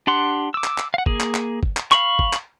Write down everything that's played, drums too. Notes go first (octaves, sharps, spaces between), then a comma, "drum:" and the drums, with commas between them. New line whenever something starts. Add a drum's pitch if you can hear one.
D4 G4 F#5 C6
D6 E6
drum: clap
drum: clap
F5 F#5
A#3 G#4, drum: kick
drum: clap
drum: clap
drum: kick
drum: clap
F5 B5 C#6, drum: clap
drum: kick
drum: clap